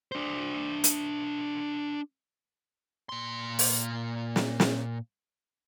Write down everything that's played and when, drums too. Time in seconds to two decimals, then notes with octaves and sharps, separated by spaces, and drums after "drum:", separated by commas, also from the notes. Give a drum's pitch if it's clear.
0.12 D4 C5
0.84 drum: hi-hat
3.09 A#2 C6
3.59 drum: open hi-hat
4.36 drum: snare
4.60 drum: snare